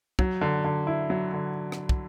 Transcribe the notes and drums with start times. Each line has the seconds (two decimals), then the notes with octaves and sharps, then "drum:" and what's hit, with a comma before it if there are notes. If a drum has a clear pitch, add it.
0.19 F#3, drum: kick
0.41 D3
0.64 D3
0.87 E4
1.10 F#3
1.33 D3
1.72 drum: rim click
1.89 drum: kick